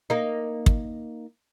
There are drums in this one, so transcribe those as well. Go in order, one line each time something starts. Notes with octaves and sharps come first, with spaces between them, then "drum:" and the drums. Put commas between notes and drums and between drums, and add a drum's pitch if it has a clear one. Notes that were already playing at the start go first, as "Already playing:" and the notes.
A#3 D#4
drum: kick